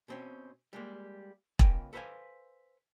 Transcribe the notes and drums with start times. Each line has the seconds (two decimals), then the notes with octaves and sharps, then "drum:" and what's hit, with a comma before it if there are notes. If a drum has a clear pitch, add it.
0.08 B2 C4 C#4
0.73 G3 G#3 A#3
1.59 C#2 B3 A#4 G5 G#5, drum: kick E1
1.93 A4 B4 C5 D#5 F5 G#5